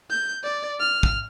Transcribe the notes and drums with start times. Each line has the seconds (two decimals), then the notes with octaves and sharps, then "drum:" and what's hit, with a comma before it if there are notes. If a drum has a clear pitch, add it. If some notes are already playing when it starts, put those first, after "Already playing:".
0.10 G6
0.44 D5
0.80 F6
1.03 drum: kick